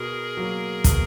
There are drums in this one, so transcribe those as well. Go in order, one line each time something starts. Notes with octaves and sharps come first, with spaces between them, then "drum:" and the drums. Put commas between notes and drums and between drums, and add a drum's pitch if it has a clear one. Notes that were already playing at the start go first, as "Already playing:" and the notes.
Already playing: B2 G#4 A#4
F#3 A#3
B2, drum: kick, hi-hat